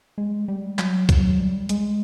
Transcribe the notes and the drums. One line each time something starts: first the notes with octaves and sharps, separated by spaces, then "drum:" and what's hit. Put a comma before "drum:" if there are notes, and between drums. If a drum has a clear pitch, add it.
G#3
G3
F#3, drum: clap
F#3, drum: kick C2, hi-hat
G3
G#3, drum: hi-hat